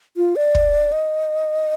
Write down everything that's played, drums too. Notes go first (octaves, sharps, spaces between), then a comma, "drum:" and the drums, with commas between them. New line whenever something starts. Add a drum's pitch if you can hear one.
F4
D5
drum: kick
D#5